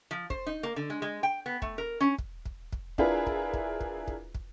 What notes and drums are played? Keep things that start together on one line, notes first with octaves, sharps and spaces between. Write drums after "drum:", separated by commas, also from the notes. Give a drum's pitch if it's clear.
F3
C5, drum: kick
D#4
A#3
D3
G#3
G#3
G5
B3
A3, drum: kick
A#4
C#4
drum: kick
drum: kick
drum: kick
D4 E4 F4 G#4 A#4 B4, drum: kick
drum: kick
drum: kick
drum: kick
drum: kick
drum: kick